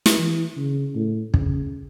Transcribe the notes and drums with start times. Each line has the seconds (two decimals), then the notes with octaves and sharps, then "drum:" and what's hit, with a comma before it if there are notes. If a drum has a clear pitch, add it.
0.06 drum: snare
0.19 E3
0.57 C#3
0.95 A2
1.34 C#3, drum: kick